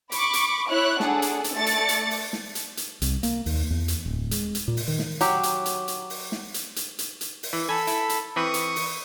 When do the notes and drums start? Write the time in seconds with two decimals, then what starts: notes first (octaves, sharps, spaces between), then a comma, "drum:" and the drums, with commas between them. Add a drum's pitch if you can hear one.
0.12 B5 C#6 D6, drum: hi-hat
0.33 drum: hi-hat
0.69 E4 C#5 E5 F#6
1.00 D4 G#4 A4 F#5, drum: snare
1.22 drum: hi-hat
1.44 drum: hi-hat
1.55 A3 D5 A6 C#7
1.66 drum: hi-hat
1.89 drum: hi-hat
2.11 drum: open hi-hat
2.33 drum: snare
2.55 drum: hi-hat
2.77 drum: hi-hat
3.02 C2, drum: hi-hat
3.23 A#3, drum: hi-hat
3.46 D#2, drum: open hi-hat
3.70 E2
3.88 drum: hi-hat
4.06 D1
4.31 G#3, drum: hi-hat
4.55 drum: hi-hat
4.68 A#2
4.77 drum: open hi-hat
4.88 D#3
4.99 drum: snare
5.21 F#3 G4, drum: hi-hat
5.43 drum: hi-hat
5.66 drum: hi-hat
5.88 drum: hi-hat
6.10 drum: open hi-hat
6.32 drum: snare
6.54 drum: hi-hat
6.76 drum: hi-hat
6.99 drum: hi-hat
7.21 drum: hi-hat
7.43 drum: open hi-hat
7.53 E3
7.69 A4 G#5 B5 E6
7.87 E4, drum: hi-hat
8.09 drum: hi-hat
8.36 E3 C4 B4 C#6 D#6
8.54 drum: hi-hat
8.76 drum: open hi-hat